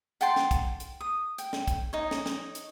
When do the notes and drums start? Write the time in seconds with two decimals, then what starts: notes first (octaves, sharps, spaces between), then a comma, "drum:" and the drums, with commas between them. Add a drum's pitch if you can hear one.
0.21 F#5 G5 A5 C6, drum: hi-hat
0.36 drum: snare
0.51 drum: kick, hi-hat
0.80 drum: hi-hat
1.01 D#6
1.38 G5, drum: hi-hat
1.53 drum: snare
1.68 drum: kick, hi-hat
1.93 D#4 C#5
2.11 drum: snare
2.26 drum: snare
2.55 drum: hi-hat